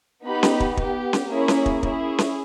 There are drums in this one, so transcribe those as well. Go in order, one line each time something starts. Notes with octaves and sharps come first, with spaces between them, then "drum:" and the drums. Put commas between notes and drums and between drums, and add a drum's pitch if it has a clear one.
B3 D#4 G4 B5
drum: snare C#4
drum: kick
B3 G4, drum: kick
drum: snare C#4
A#3 C#4 E4 G#4 C#5
drum: snare C#4
drum: kick
C#4 E4 G#4, drum: kick
drum: snare C#4